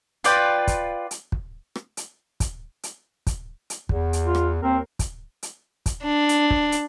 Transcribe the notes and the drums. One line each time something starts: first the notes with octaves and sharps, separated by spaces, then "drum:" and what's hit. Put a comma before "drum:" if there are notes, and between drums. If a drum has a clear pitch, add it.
F4 B4 D5 G5, drum: hi-hat
drum: kick, hi-hat
drum: hi-hat
drum: kick
drum: rim click
drum: hi-hat
drum: kick, hi-hat
drum: hi-hat
drum: kick, hi-hat
drum: hi-hat
E2, drum: kick
drum: hi-hat
F4
drum: rim click
D#2 C4 A#4
drum: kick, hi-hat
drum: hi-hat
drum: kick, hi-hat
D4
drum: hi-hat
drum: kick
drum: hi-hat